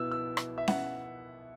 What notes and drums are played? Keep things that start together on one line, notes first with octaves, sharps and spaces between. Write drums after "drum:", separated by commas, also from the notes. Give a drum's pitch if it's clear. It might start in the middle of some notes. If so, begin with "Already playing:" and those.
Already playing: B2 B3 E4 E6
E6
drum: rim click
E5
F#5, drum: snare C#4